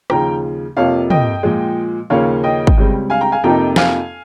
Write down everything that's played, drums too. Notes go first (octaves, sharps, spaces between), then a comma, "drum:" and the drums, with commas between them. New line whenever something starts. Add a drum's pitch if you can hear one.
D#2 C#3 F3 G5 A#5, drum: rim click
F2 C3 F3 A#3 C#5 F5
D#5 G5, drum: tom
A#2 F3 G#3
D#2 C#3 F3 A#3 C#4 C#5 F5
D#5 G5
drum: kick
C#2 C#3 G3 C4
F5 G#5
G5 A#5
F5 G#5
F2 C3 F3 A#3 D#4 G5 A#5
F5 G#5, drum: snare